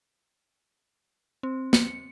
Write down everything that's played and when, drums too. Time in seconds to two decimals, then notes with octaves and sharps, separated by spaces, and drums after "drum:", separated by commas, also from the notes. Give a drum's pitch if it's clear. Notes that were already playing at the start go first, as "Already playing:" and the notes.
1.43 C4
1.73 C#7, drum: snare